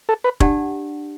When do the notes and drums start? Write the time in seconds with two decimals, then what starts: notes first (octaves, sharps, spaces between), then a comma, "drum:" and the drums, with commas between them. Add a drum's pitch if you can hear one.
0.09 A4
0.24 B4
0.40 D4 G4 D5 F#5 A5, drum: kick